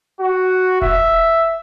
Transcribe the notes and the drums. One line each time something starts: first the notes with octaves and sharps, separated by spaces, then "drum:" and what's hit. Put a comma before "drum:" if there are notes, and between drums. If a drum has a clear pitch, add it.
F#4
E5, drum: kick E1